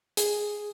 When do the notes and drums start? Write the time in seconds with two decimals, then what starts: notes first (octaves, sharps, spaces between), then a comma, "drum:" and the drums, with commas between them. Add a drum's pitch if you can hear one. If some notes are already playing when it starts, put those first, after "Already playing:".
0.17 G#4, drum: hi-hat